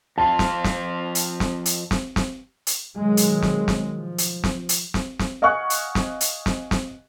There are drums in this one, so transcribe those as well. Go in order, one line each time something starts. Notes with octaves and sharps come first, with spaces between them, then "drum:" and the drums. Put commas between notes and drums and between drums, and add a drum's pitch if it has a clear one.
F2 F4 F5 A5
drum: snare
drum: snare
drum: hi-hat
drum: snare
drum: hi-hat
drum: snare
drum: snare
drum: hi-hat
B2 D#3 F#3 G#3
drum: hi-hat
drum: snare
drum: snare
F3
drum: hi-hat
drum: snare
drum: hi-hat
drum: snare
drum: snare
D#5 F5 F#5 G#5 C#6 F#6
drum: hi-hat
drum: snare
drum: hi-hat
drum: snare
drum: snare